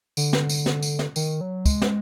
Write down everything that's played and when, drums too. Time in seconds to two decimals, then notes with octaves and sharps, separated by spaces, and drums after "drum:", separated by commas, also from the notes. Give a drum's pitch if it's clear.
0.17 D3, drum: tambourine
0.33 drum: snare
0.49 drum: tambourine
0.66 drum: snare
0.82 drum: tambourine
0.99 drum: snare
1.16 D#3, drum: tambourine
1.41 F#3
1.66 G#3, drum: kick, tambourine
1.82 drum: snare